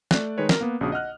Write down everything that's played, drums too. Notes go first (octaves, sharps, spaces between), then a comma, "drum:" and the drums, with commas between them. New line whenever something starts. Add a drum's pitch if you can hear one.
A3 D5 F#6, drum: snare
D#3 G#3 D#4 B4 C#5
A#4, drum: snare
A#3 B3
A#1 C#3 C4 D4 F#4 D#6
D#5 F#5 F6 F#6